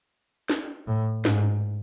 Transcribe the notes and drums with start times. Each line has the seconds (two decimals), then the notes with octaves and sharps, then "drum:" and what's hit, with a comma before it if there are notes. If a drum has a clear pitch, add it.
0.50 drum: snare
0.87 A2
1.25 G#2, drum: snare